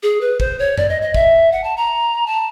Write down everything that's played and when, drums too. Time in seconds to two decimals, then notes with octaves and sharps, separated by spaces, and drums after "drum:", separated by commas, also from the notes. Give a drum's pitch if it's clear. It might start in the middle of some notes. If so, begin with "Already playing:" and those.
0.03 G#4
0.21 B4
0.40 C5, drum: kick
0.59 C#5
0.78 D5, drum: tom F#2
0.89 D#5
1.02 D#5
1.14 E5, drum: kick
1.52 F#5
1.64 A5
1.77 A#5
2.27 A5